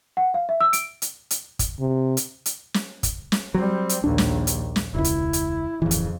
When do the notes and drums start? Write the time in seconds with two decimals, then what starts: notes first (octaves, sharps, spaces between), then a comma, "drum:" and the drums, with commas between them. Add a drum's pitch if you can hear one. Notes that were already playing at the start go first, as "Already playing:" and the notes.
0.17 F#5
0.34 F5
0.49 E5
0.61 E6
0.73 D7, drum: hi-hat
1.02 drum: hi-hat
1.31 drum: hi-hat
1.59 drum: kick, hi-hat
1.80 C3
2.17 drum: hi-hat
2.46 drum: hi-hat
2.74 drum: snare
3.03 drum: kick, hi-hat
3.32 drum: snare
3.54 F#3 G3 C4
3.89 drum: hi-hat
4.04 A#1 D#2 D4
4.18 drum: snare
4.47 drum: hi-hat
4.76 drum: snare
4.95 E1 C#2 E4
5.04 drum: hi-hat
5.33 drum: hi-hat
5.82 D1 F2 C#3 E3
5.91 drum: hi-hat